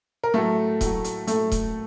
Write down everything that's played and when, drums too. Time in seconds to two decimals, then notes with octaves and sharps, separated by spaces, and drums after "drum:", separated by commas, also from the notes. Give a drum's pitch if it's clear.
0.24 A#4
0.34 A2 F#3 A3 A4
0.81 A2 F#3, drum: kick D#1, hi-hat
1.04 drum: hi-hat
1.27 A2 F#3 A3 A4, drum: hi-hat
1.52 drum: kick D#1, hi-hat